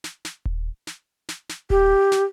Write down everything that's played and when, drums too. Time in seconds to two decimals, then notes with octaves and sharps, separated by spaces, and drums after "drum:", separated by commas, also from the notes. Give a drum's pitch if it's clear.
0.04 drum: snare
0.25 drum: snare
0.45 drum: kick D#1
0.87 drum: snare
1.29 drum: snare
1.49 drum: snare
1.70 G4, drum: kick D#1
2.12 drum: snare